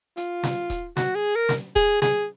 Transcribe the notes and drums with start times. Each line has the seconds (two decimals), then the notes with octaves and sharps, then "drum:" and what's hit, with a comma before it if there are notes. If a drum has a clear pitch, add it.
0.17 F4, drum: hi-hat
0.43 drum: snare
0.70 drum: kick D#1, hi-hat
0.97 F#4, drum: snare
1.15 G#4
1.35 A#4
1.49 drum: snare
1.76 G#4, drum: kick D#1, hi-hat
2.02 G#4, drum: snare